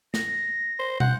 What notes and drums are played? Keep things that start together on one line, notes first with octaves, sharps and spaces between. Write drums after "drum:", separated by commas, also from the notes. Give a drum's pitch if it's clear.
A#6, drum: snare
C5
F#5 G6, drum: tom